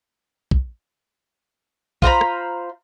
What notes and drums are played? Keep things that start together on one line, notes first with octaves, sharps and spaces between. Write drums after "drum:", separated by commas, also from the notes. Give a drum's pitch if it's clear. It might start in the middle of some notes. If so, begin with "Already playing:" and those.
drum: kick
F4 C5 A#5 B5, drum: kick
drum: rim click